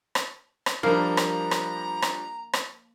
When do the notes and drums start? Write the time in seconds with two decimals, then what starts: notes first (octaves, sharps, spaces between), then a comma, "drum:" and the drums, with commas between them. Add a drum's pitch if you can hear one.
0.15 drum: rim click
0.66 drum: rim click
0.83 F3 G3 A#3 D4 A#5
1.17 drum: rim click
1.51 drum: rim click
2.02 drum: rim click
2.53 drum: rim click